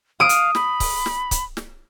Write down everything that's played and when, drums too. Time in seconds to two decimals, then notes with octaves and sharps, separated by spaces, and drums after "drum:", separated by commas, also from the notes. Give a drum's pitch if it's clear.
0.20 F5 D#6 D7
0.29 drum: hi-hat
0.55 B5, drum: snare
0.80 drum: kick C#1, open hi-hat
1.06 drum: snare
1.31 drum: kick C#1, hi-hat
1.57 drum: snare